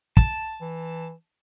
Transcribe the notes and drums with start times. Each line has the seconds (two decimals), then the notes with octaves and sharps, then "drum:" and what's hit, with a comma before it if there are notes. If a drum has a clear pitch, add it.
0.17 A5, drum: kick
0.61 E3